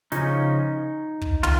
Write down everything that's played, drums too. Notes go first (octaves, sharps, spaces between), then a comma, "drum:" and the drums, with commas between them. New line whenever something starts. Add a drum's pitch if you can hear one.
C#3 F3 C#4 D#4, drum: snare
drum: kick
D#3 F4, drum: tom